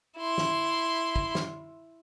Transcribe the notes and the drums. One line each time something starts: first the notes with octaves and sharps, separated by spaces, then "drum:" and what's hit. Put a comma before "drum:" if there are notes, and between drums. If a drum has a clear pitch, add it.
E4 C6
drum: snare
drum: kick
drum: snare